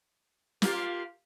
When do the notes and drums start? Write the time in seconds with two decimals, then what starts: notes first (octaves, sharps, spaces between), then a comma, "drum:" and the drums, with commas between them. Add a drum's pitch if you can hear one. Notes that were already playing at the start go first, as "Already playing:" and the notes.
0.62 A#3 F4 G4, drum: snare